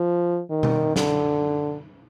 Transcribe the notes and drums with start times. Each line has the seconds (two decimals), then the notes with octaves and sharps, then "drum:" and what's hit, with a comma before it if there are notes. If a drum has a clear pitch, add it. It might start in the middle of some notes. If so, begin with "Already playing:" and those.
Already playing: F3
0.50 D#3
0.63 drum: tom B2
0.96 D3, drum: snare